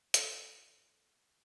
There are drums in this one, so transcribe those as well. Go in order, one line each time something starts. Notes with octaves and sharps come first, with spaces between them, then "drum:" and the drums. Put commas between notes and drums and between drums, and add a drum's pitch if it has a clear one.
A4, drum: hi-hat